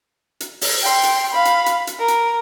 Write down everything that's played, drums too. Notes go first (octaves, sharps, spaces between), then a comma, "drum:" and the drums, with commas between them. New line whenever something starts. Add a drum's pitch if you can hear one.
drum: hi-hat
drum: open hi-hat
G5 C6
drum: hi-hat
F5 B5
drum: hi-hat
drum: hi-hat
drum: hi-hat
A#4
drum: hi-hat